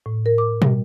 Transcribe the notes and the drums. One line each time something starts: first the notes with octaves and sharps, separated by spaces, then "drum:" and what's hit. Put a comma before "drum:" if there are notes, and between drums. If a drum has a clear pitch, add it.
A2
A#4
D6
G3, drum: tom